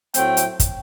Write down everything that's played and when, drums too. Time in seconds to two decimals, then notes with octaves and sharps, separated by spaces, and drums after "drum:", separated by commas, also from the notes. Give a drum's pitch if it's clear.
0.14 A2 F#3 A3 C4 G5, drum: hi-hat
0.37 drum: hi-hat
0.60 drum: kick, hi-hat